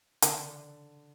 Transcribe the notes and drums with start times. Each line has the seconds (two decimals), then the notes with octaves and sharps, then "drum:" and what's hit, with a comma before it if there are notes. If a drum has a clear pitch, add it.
0.22 D3, drum: hi-hat